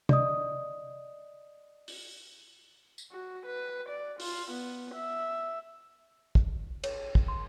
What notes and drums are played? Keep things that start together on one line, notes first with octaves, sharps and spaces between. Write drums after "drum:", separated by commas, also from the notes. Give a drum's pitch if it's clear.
D5 D#5 D#6, drum: tom
drum: open hi-hat
drum: tambourine
F#4
B4
D5
F4, drum: open hi-hat
B3
E5
drum: kick
C#5, drum: cymbal
drum: kick
C6